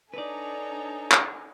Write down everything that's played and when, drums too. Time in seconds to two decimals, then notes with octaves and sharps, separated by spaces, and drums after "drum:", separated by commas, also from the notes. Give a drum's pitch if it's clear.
0.14 D4 D#4 A4 B4 C#5 D5 G#5 A#5
1.12 drum: clap